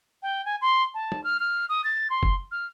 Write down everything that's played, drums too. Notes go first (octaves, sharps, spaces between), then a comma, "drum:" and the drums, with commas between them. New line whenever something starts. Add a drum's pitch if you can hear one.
G5
G#5
C6
A5
drum: tom G3
F6
F6
D#6
A6
C6
drum: kick
F6